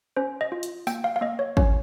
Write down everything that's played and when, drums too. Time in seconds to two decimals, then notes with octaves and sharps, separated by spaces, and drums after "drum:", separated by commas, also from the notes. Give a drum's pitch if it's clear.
0.17 C#4 C5
0.41 D#5
0.52 F4
0.63 drum: hi-hat
0.87 A#3 G5, drum: tambourine
1.04 F5
1.16 F5
1.21 A#3 D#5
1.39 C#5
1.57 C#4 C#5, drum: kick